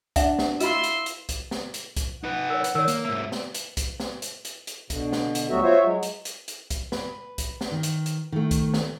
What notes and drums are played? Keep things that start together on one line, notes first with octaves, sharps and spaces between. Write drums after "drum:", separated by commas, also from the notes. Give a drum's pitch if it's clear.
D4 E5 F#5, drum: kick C2, hi-hat
drum: snare
E4 F4 B5 C6 E6, drum: hi-hat
drum: hi-hat
drum: hi-hat
drum: kick C2, hi-hat
drum: snare
drum: hi-hat
drum: kick C2, hi-hat
D#4 B4 F#5
A#4 C#5
drum: hi-hat
D#3 A#4 C#5
A#3, drum: hi-hat
G#2 A#3 E5
drum: snare
drum: hi-hat
drum: kick C2, hi-hat
drum: snare
drum: hi-hat
drum: hi-hat
drum: hi-hat
B2 D3, drum: kick C2, hi-hat
drum: snare
drum: hi-hat
D2 F#3 G3 B3 F#4 E5
F4 F#4 C5 C#5 E5
F#3 G#3
drum: hi-hat
drum: hi-hat
drum: hi-hat
drum: kick C2, hi-hat
B4, drum: snare
drum: kick C2, hi-hat
drum: snare
D#3
drum: hi-hat
drum: hi-hat
D#3 A3
drum: kick C2, hi-hat
drum: snare